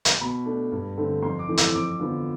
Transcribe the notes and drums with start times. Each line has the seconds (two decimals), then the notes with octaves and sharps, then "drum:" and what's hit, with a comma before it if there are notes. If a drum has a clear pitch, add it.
0.05 drum: hi-hat
0.21 B2 B5
0.45 A3 D4
0.72 G2
0.97 D3 A3 C4
1.22 F2 C6
1.39 D6
1.48 E3 A3 C4
1.57 E6, drum: hi-hat
1.75 F2 D6
1.99 D3 F3 B3